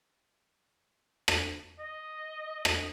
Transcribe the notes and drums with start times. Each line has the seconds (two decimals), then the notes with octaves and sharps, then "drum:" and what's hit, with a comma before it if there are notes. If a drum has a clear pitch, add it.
1.28 drum: rim click
1.79 D#5
2.65 drum: rim click